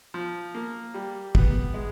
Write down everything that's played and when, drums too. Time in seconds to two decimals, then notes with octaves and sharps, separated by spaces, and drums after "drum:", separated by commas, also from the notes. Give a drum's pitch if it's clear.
0.14 F3
0.55 A#3
0.94 G3
1.35 B3, drum: kick
1.74 G#3